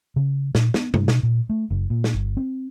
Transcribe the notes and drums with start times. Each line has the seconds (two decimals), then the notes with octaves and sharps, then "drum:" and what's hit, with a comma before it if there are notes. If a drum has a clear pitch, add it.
0.16 C#3
0.55 A#2, drum: snare
0.74 B3, drum: snare
0.94 G2, drum: tom C3
1.08 B2, drum: snare
1.23 A#2
1.49 A3
1.70 F#1
1.90 A#2
2.04 drum: snare
2.14 G1
2.37 C4